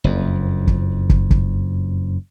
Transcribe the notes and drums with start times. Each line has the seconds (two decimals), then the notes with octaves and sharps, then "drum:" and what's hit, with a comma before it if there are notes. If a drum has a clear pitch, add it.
0.04 F#1 F2
0.67 drum: kick
1.09 drum: kick
1.31 drum: kick